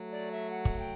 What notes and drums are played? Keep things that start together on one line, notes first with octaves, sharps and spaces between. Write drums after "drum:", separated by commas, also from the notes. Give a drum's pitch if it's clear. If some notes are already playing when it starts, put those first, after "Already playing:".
Already playing: F#3 A3
D5
E5
F#5
drum: kick
G5